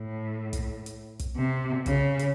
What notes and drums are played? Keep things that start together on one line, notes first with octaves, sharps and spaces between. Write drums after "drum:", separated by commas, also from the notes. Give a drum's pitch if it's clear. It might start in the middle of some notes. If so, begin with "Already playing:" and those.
Already playing: A2
drum: kick, hi-hat
drum: hi-hat
drum: kick, hi-hat
C3
C#3, drum: kick, hi-hat
drum: hi-hat